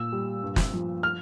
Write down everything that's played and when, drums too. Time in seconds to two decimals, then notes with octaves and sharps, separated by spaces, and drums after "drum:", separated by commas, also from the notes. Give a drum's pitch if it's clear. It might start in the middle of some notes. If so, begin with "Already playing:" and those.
Already playing: A#2 E6
0.12 G3
0.43 G2
0.56 drum: snare
0.73 F3
1.03 F6